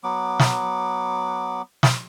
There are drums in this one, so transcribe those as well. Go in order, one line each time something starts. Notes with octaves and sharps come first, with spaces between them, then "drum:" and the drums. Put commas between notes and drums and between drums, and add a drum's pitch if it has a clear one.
F#3 B3 D6
drum: snare
drum: snare